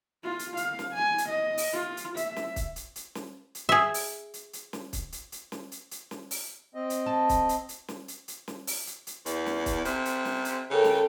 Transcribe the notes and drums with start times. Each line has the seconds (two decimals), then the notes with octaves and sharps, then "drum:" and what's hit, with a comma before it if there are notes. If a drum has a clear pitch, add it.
0.24 F4
0.39 drum: hi-hat
0.57 F5, drum: hi-hat
0.79 drum: snare
0.94 G#5
1.18 drum: hi-hat
1.29 D#5
1.58 drum: open hi-hat
1.73 F4
1.97 drum: hi-hat
2.17 E5, drum: hi-hat
2.36 drum: snare
2.56 drum: kick, hi-hat
2.76 drum: hi-hat
2.96 drum: hi-hat
3.15 drum: snare
3.55 drum: hi-hat
3.69 G#4 E5
3.94 drum: open hi-hat
4.34 drum: hi-hat
4.53 drum: hi-hat
4.73 drum: snare
4.93 drum: kick, hi-hat
5.12 drum: hi-hat
5.32 drum: hi-hat
5.52 drum: snare
5.72 drum: hi-hat
5.91 drum: hi-hat
6.11 drum: snare
6.31 drum: open hi-hat
6.75 C4 D#5
6.90 drum: hi-hat
7.06 A4
7.29 drum: kick, hi-hat
7.49 drum: hi-hat
7.69 drum: hi-hat
7.88 drum: snare
8.08 drum: hi-hat
8.28 drum: hi-hat
8.48 drum: snare
8.67 drum: open hi-hat
8.87 drum: hi-hat
9.07 drum: hi-hat
9.26 E2, drum: hi-hat
9.46 drum: snare
9.66 drum: kick, hi-hat
9.85 C3, drum: hi-hat
10.05 drum: hi-hat
10.25 drum: snare
10.45 drum: hi-hat
10.71 C#3 A4 A#4 G5
10.84 drum: snare